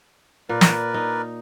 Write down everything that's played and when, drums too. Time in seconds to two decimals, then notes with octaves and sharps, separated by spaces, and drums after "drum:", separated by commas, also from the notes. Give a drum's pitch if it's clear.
0.49 A#2 A#4 B4 D5
0.61 drum: snare
0.94 D#4